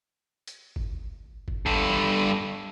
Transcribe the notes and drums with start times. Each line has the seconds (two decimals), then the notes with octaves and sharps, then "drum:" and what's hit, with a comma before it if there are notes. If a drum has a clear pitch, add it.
0.47 drum: hi-hat
0.76 drum: kick
1.48 drum: kick
1.66 G2 A4, drum: kick
1.90 drum: tom